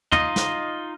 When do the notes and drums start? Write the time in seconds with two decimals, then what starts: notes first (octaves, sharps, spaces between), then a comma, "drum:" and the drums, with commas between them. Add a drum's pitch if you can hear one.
0.12 D#4 F4 D#5, drum: tom
0.36 drum: snare